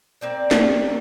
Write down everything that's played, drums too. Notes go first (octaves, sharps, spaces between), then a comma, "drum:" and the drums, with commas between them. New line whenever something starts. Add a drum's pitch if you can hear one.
A#3 C4 D5
drum: snare